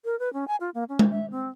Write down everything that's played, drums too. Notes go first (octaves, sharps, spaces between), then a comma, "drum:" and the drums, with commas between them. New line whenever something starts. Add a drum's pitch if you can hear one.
A#4
B4
C#4
G#5
F4
A#3
C#4
drum: tom G#3
E5
C4